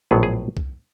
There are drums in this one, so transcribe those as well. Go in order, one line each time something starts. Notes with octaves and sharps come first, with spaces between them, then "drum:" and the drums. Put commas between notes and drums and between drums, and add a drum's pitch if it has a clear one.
A#1 A2 F#3 B3 G#4
G#4
drum: kick